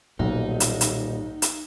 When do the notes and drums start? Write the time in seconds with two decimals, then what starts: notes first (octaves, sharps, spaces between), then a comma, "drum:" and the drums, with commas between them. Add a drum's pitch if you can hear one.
0.19 D#1 B1 A#2 D#4
0.60 drum: hi-hat
0.81 drum: hi-hat
1.42 drum: hi-hat